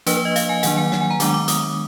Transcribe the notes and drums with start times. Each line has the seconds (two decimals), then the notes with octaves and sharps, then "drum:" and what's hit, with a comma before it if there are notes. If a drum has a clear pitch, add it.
0.06 F3 A#3 D4 B4, drum: hi-hat
0.17 B4
0.25 D#5
0.36 F5, drum: hi-hat
0.49 G#5
0.63 D#3 F#3 A#3 D4 F#5, drum: hi-hat
0.77 G#5
0.92 F#5, drum: snare
1.01 G#5
1.11 A#5
1.20 D#3 G#3 B3 D4 D6, drum: hi-hat
1.34 D6
1.48 D#6, drum: hi-hat